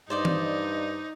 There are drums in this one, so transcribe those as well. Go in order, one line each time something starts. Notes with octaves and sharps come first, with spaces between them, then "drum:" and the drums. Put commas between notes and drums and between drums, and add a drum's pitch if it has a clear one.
G2 D#4 C5 D5 D#5
drum: tom E3